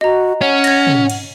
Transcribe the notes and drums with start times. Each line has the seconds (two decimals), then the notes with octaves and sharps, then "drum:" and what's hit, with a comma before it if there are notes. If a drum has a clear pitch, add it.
0.01 F#4 D#5 A#5
0.41 C#4 F#5
0.64 G#6 A#6, drum: cymbal
0.87 drum: tom
1.10 drum: cymbal